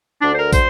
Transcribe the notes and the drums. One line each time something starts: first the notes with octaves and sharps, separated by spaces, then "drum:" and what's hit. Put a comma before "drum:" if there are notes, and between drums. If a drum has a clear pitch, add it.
D2 D3 D4
C5
A#4
C5, drum: kick, tambourine